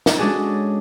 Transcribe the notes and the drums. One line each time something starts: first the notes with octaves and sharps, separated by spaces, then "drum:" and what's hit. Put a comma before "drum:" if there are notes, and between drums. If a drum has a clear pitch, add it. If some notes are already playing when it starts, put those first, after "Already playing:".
drum: snare
G#3 C#4 D4 F#4 G#4 A4